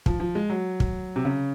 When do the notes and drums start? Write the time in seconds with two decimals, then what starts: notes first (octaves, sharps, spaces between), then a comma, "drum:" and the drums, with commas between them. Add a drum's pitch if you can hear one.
0.06 F3, drum: kick
0.20 F3
0.35 G#3
0.50 F#3
0.80 drum: kick
1.16 C3
1.25 C#3